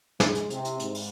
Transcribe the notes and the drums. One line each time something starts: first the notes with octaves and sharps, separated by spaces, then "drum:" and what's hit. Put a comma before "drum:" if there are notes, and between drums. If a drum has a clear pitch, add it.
G#3, drum: snare
drum: hi-hat
C3, drum: hi-hat
drum: hi-hat
G#2, drum: hi-hat
drum: open hi-hat